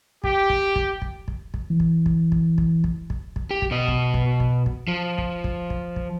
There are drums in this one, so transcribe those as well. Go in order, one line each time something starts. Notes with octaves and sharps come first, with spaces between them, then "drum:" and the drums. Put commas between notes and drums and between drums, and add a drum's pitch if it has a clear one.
G4, drum: kick
drum: kick
drum: kick
drum: kick
drum: kick
drum: kick
E3
drum: kick
drum: kick
drum: kick
drum: kick
drum: kick
drum: kick
drum: kick
G4
drum: kick
B2 D#5
drum: kick
drum: kick
drum: kick
drum: kick
F3
drum: kick
drum: kick
drum: kick
drum: kick